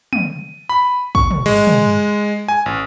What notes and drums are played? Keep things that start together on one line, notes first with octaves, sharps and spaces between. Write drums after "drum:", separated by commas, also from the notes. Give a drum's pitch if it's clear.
D#7, drum: tom
B5
C#6, drum: kick
drum: tom
G#3, drum: cymbal
drum: tom
G#5
A1